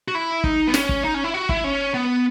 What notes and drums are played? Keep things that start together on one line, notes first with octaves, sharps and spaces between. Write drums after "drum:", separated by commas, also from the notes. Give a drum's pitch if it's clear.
F#4
E4
D#4, drum: kick
B3
C#4, drum: snare
drum: kick
D#4
C#4
E4
F#4
E4, drum: kick
C#4
B3